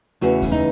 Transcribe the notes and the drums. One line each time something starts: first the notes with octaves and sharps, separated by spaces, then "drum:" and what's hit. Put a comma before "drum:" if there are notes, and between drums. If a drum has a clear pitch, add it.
E2 C#3 E3 A3 F#4, drum: hi-hat
drum: kick D#2, open hi-hat
D#4